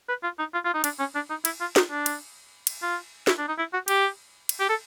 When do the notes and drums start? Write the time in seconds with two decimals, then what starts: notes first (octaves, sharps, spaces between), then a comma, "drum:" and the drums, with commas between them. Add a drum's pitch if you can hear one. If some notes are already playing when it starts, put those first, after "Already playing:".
0.09 B4
0.23 F4
0.39 D#4
0.54 F4
0.64 F4
0.74 D#4
0.84 D4, drum: cymbal
0.99 C#4
1.15 D4
1.30 D#4
1.45 E4, drum: cymbal
1.61 F4
1.76 D#4, drum: snare
1.91 D4
2.06 drum: cymbal
2.67 drum: cymbal
2.82 F4
3.27 E4, drum: snare
3.38 D4
3.48 D#4
3.58 E4
3.73 F#4
3.88 G4, drum: cymbal
4.49 drum: cymbal
4.60 G4
4.69 A4